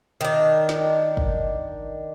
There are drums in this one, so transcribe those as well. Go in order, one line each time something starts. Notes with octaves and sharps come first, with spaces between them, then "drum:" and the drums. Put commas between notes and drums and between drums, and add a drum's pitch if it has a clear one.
D#3 D4
drum: snare
drum: kick